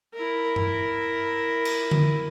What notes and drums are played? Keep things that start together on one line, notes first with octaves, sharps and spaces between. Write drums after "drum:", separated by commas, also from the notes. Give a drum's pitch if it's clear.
E4 A#4
drum: tom G2
drum: cymbal
drum: tom D3